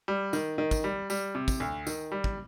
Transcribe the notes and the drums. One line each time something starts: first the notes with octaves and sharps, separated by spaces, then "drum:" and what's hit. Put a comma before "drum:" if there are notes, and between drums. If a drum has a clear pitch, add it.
G3
D#3, drum: tambourine
D#3
drum: kick, tambourine
G3
G3, drum: tambourine
C3
drum: kick, tambourine
D2
D#3, drum: tambourine
G3
drum: kick